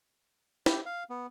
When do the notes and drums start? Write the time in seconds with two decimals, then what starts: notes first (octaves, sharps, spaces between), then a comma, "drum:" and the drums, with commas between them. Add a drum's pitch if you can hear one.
0.66 G4, drum: snare
0.86 F5
1.10 B3